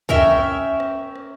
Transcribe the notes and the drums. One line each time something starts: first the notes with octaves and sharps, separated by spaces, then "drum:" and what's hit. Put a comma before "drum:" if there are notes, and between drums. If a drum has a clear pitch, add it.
C#4 A#4 E5 G5, drum: kick
drum: rim click
drum: rim click